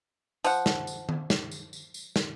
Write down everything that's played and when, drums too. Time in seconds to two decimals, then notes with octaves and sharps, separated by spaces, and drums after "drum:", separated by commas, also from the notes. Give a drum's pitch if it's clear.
0.44 F3 F#5, drum: tambourine
0.66 drum: snare
0.87 drum: tambourine
1.09 drum: tom D#3
1.30 drum: snare
1.51 drum: tambourine
1.73 drum: tambourine
1.94 drum: tambourine
2.16 drum: snare